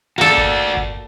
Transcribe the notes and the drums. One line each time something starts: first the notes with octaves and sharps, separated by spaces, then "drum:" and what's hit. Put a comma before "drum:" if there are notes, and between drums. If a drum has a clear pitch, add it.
A#3 F#4 A4 D5
drum: kick G1
drum: kick G1